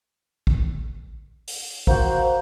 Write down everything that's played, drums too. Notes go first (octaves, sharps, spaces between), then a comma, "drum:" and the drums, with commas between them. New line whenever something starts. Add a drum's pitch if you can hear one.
drum: kick A1
drum: open hi-hat
A#3 F#4 C5 F#5, drum: kick A1